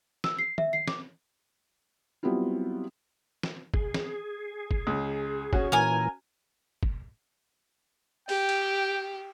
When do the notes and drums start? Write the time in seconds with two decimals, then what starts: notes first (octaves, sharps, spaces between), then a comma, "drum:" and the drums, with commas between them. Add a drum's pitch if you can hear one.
0.24 E6, drum: snare
0.39 C7
0.58 E5, drum: tom
0.73 C7
0.88 D6, drum: snare
2.23 F#3 G3 B3 C4 E4 F4
3.43 drum: snare
3.74 G#4, drum: kick
3.94 drum: snare
4.71 drum: kick
4.87 C#2
5.53 C#4 F#4, drum: kick
5.72 A#2 E3 A#4 G#5
6.83 drum: kick
8.29 G4 G5, drum: open hi-hat
8.49 drum: cymbal